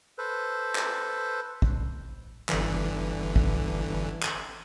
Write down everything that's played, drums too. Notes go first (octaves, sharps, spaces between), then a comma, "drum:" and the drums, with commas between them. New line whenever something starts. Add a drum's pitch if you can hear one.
A4 B4 C5
drum: clap
drum: kick
G1 D3 E3, drum: clap
drum: kick
drum: clap